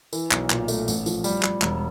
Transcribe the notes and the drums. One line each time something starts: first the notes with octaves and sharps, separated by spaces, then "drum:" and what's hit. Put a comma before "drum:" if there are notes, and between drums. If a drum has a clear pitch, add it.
E3, drum: tambourine
B1, drum: clap
A#2, drum: clap
A3, drum: tambourine
A1, drum: tambourine
F3, drum: tambourine
G3, drum: tambourine
G3, drum: clap
E1, drum: clap